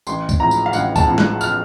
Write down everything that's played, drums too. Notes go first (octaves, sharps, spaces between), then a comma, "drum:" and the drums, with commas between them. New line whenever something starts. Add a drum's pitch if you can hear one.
A1 C6, drum: tambourine
drum: kick, tambourine
A2 F3 C4 A#5
drum: tambourine
F5
A1 F#5, drum: tambourine
A5, drum: kick, tambourine
A2 F3 C4
F#6, drum: snare
F6, drum: tambourine